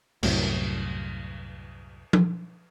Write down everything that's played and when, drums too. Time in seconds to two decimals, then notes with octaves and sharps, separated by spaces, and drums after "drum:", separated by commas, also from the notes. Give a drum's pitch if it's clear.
0.23 C2 F#2 A2, drum: cymbal
2.13 drum: tom F3